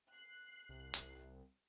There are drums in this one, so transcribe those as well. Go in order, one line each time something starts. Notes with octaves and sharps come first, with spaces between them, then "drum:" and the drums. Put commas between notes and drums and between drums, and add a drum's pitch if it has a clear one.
F#6 C7
C2
drum: hi-hat